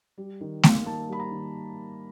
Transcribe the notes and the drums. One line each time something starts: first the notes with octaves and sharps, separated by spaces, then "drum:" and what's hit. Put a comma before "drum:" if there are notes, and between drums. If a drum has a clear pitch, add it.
G3
D#3
A#3, drum: snare A3
D#3 A5
G3 B5
A#5
D#3